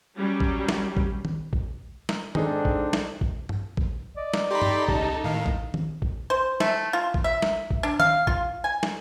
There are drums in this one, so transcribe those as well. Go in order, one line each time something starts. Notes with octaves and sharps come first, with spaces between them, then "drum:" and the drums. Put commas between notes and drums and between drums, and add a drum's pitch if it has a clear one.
F#3 G3 C#4
drum: kick
drum: snare
drum: kick
drum: tom D#3
drum: kick
drum: snare
G#2 C4 D4 D#4 G#4 A4, drum: tom D#3
drum: kick
drum: snare
drum: kick
drum: tom G2
drum: kick
D5 D#5
drum: snare
D#4 G4 A4 B5 C6
drum: tom G2
C#2 G4 A5, drum: kick
A2 D#3 F5
drum: kick
drum: tom D#3
drum: kick
C5
A3, drum: snare
F4
drum: kick
E5
drum: snare
drum: kick
D4
F5, drum: tom D#3
F4, drum: kick
G#5
drum: snare